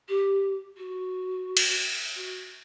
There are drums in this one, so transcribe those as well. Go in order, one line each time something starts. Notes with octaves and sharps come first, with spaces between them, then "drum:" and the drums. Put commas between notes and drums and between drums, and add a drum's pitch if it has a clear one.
G4
F#4
drum: cymbal
F#4